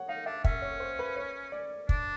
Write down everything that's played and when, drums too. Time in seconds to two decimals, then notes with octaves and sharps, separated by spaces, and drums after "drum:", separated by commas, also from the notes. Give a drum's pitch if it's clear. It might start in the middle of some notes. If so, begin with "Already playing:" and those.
Already playing: C#5 F#5
0.09 D#4 F5
0.26 D4 E5
0.44 C#4 E5, drum: kick
0.62 C#5
0.80 C5
0.99 B4
1.16 C#5
1.52 D5
1.89 D4, drum: kick